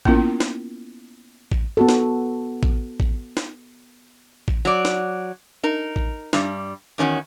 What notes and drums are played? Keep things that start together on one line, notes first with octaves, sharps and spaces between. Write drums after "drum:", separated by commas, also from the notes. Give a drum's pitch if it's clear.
A#3 B3 C#4 E4 F4 A#4, drum: kick A1
drum: snare
drum: kick A1
B3 F#4 A4
drum: snare
drum: kick A1
drum: kick A1
drum: snare
drum: kick A1
F#3 D5
drum: snare
D#4 A#4
drum: kick A1
G2 G3, drum: snare
E2 D#3 C#4 E4 F#4